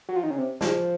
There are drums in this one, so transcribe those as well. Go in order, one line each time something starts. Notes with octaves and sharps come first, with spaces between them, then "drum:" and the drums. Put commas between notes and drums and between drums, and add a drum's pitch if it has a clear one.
F#3
F3
D#3
C#3
C3
F3, drum: snare G#4